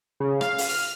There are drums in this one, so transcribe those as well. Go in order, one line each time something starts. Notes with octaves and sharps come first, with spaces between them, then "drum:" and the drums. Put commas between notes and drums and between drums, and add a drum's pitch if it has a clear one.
C#3
F5, drum: rim click
drum: open hi-hat
F6